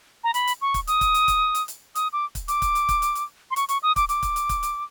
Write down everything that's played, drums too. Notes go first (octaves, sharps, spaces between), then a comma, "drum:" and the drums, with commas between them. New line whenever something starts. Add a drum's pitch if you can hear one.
A#5
B5, drum: hi-hat
drum: hi-hat
C#6
drum: kick, hi-hat
D#6, drum: hi-hat
drum: kick, hi-hat
drum: hi-hat
drum: kick, hi-hat
drum: hi-hat
drum: hi-hat
D#6, drum: hi-hat
D6
drum: kick, hi-hat
D6, drum: hi-hat
drum: kick, hi-hat
drum: hi-hat
drum: kick, hi-hat
drum: hi-hat
drum: hi-hat
C6
C#6, drum: hi-hat
C#6, drum: hi-hat
D#6
D6, drum: kick, hi-hat
D6, drum: hi-hat
drum: kick, hi-hat
drum: hi-hat
drum: kick, hi-hat
drum: hi-hat